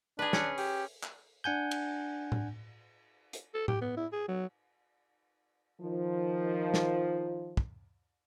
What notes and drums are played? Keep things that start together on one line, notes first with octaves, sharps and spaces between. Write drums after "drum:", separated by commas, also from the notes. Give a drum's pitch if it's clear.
D4 G#4 B4
C#4, drum: snare
G4, drum: open hi-hat
drum: clap
D4 F#5 G#5 G6
drum: cymbal
drum: tom A2
drum: hi-hat
A4
G4, drum: tom A2
B3
E4
G#4
F#3
D#3 F3
drum: snare
drum: kick